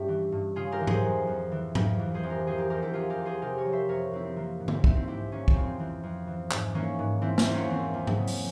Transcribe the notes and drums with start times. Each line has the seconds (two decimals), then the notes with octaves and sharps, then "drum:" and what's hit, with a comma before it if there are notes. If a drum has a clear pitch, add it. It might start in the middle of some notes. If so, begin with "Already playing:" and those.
Already playing: G2 C#4 E4 G4
0.08 E3
0.32 G2
0.56 C#3 F4 G#4
0.72 G4 A#4
0.81 E3
0.87 G#4 C5, drum: tom G#2
1.04 F2
1.27 F2
1.52 E3
1.75 F2, drum: tom G#2
1.99 E3
2.14 G#4 C5
2.23 F2
2.30 G4 A#4
2.46 E3 G#4 C5
2.58 G4 A#4
2.70 E2 G4 A#4
2.82 E4 G4
2.92 E3 F4 G#4
3.10 G4 A#4
3.18 E2
3.25 G#4 C5
3.42 C3 G4 A#4
3.57 A#4 C#5
3.65 F3
3.72 C5 E5
3.89 F2 A#4 C#5
4.11 F2 C4 E4
4.24 C4
4.36 E3 A#3
4.60 G#2
4.68 C4 E4, drum: tom D3
4.84 E3 C4 E4, drum: kick
4.96 C4 E4
5.08 G#2 E4 G4
5.31 E3 A#3 C#4
5.48 C4, drum: kick
5.56 F2
5.63 C4
5.79 E3 C4
6.03 F2
6.27 E3
6.51 G#2, drum: clap
6.74 E3 A#3 C#4
6.99 G#2
7.22 E3 C4 E4
7.38 C4 E4, drum: snare
7.46 E2
7.53 A#3 C#4
7.70 E3 C4
7.94 E2
8.07 drum: tom G#2
8.18 C#3
8.28 drum: open hi-hat